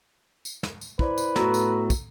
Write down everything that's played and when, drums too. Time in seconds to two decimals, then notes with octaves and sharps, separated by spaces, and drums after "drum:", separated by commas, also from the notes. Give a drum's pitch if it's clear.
0.45 drum: tambourine
0.63 drum: snare
0.81 drum: tambourine
0.99 E4 B4 C5 D5, drum: kick
1.18 drum: tambourine
1.36 A2 B3 F#4 A4 A#5 E6, drum: snare
1.54 drum: tambourine
1.90 drum: kick, tambourine